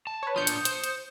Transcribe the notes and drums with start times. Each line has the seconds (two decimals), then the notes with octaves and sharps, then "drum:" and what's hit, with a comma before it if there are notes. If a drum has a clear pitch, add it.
0.07 A5
0.23 B4 C#5
0.36 D4 F4 D#6 G6 C#7
0.47 drum: hi-hat
0.65 C5, drum: hi-hat
0.84 drum: hi-hat